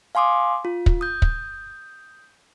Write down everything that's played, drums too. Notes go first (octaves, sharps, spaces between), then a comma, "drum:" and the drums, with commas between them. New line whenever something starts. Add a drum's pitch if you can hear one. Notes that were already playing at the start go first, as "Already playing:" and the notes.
F5 G#5 C6 D6 D#6
F4
drum: kick
D#6 G6
drum: kick